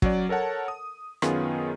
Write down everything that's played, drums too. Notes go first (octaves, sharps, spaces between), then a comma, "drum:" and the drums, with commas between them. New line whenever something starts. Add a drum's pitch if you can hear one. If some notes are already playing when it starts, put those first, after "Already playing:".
F#3 C#4 D5, drum: kick
A4 A#4 C#5 F#5 A5
D#6
F#2 D#3 B3 C#4 F4 G#4, drum: rim click